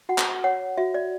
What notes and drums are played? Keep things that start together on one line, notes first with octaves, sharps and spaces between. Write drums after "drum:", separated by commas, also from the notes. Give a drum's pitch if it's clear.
F#4 F#5
drum: clap
C#5 F#5
F#4 E5
D5